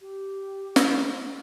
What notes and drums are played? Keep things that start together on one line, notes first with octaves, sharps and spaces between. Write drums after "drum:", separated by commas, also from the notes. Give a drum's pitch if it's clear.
G4
E4, drum: snare
C4
C4